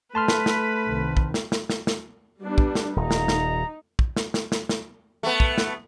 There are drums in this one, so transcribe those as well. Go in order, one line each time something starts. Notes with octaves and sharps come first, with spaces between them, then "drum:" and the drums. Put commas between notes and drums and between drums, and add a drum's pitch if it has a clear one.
A3 B4 A5 B5 C6 F6
drum: snare
drum: snare
C2 D#3
drum: kick
drum: snare
drum: snare
drum: snare
drum: snare
G3 B3 D4
drum: kick
drum: snare
D#1 D#4 A#5
drum: snare
drum: snare
drum: kick
drum: snare
drum: snare
drum: snare
drum: snare
A3 B3
drum: kick
drum: snare